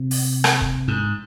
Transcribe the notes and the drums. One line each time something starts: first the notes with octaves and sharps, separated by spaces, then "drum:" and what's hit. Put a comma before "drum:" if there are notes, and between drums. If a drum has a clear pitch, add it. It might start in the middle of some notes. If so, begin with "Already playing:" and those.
Already playing: C3
drum: open hi-hat
drum: rim click
drum: kick
G#2